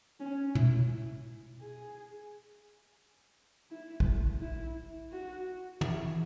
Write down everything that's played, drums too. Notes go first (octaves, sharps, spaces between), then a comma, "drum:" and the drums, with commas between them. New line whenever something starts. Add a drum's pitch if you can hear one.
C#4
E4, drum: tom
G#4
E4
drum: kick
E4
F#4
E4, drum: tom